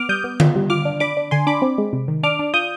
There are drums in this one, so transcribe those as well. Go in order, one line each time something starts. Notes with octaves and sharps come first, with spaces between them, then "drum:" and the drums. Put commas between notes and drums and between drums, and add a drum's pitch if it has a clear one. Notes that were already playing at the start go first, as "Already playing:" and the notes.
Already playing: B3 D6 F6
G3 D#6 G6
B3
F4, drum: tom D3
G3
F4 D6 F6
D4
D4 B5 D6
D4
D3 G#5 C6
D4 B5 D6
C4
G#3
C3
D#3
D4 D6 F6
D4
F4 D#6 G6